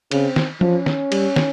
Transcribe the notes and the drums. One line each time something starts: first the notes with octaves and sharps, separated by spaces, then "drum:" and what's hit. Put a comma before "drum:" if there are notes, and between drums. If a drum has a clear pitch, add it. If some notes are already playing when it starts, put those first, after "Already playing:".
C#3 C4, drum: cymbal
drum: snare
F3 C#4, drum: tom F3
drum: snare
G3, drum: cymbal
drum: snare